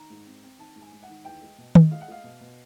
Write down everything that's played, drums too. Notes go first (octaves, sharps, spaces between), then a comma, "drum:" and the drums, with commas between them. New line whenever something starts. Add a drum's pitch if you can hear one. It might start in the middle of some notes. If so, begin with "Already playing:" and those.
Already playing: D#3 A#5
G#2
C4
C4
D#3 A5
G#2
G#5
G#2
F#5
D#3
E2 G5
G#3
B2
G#3, drum: tom D#3
G#3 F5
F#5
G#3 F5
B2
B2